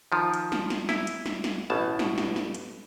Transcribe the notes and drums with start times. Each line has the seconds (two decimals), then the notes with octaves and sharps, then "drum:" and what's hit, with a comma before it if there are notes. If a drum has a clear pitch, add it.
0.12 D#3 F3
0.34 drum: hi-hat
0.52 drum: snare
0.70 drum: snare
0.89 E4, drum: snare
1.07 drum: hi-hat
1.26 drum: snare
1.44 drum: snare
1.70 A1 B2 A5
1.99 drum: snare
2.18 drum: snare
2.36 drum: snare
2.55 drum: hi-hat